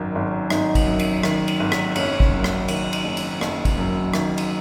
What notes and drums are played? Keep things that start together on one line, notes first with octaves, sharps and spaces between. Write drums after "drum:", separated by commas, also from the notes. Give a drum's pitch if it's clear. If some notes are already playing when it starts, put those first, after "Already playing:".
Already playing: G#1 F#2 D#3
G#1
G#1 D#4, drum: rim click
drum: kick, cymbal
F#2
drum: cymbal
D#3, drum: rim click
drum: cymbal
G#1
drum: rim click
F#1 C#4, drum: cymbal
drum: kick
F#2
drum: rim click
D#3, drum: cymbal
drum: cymbal
F#1
drum: cymbal
F#1, drum: rim click
drum: kick, cymbal
F#2
D#3, drum: rim click
drum: cymbal